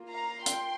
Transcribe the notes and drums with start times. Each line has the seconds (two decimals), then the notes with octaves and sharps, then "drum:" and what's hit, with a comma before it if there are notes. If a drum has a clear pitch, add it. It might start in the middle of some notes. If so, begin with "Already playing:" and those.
Already playing: A#3 F4
0.09 F5 A#5
0.46 G5 C6, drum: hi-hat